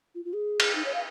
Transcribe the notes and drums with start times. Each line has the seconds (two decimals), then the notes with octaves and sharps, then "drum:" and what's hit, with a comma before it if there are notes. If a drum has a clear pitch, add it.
0.15 F4
0.25 F4
0.34 G#4
0.60 drum: cymbal
0.75 D#4
0.85 C#5
0.94 F5